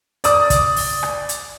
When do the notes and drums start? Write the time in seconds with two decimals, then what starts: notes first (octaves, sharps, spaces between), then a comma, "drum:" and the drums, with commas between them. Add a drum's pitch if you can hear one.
0.24 D5 D#6, drum: hi-hat
0.50 drum: kick, hi-hat
0.76 drum: open hi-hat
1.03 drum: rim click
1.29 drum: hi-hat